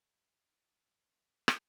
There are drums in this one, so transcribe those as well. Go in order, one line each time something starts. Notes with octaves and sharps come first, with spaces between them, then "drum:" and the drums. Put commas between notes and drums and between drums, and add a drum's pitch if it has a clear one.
C4 F4 A4 A#4
drum: rim click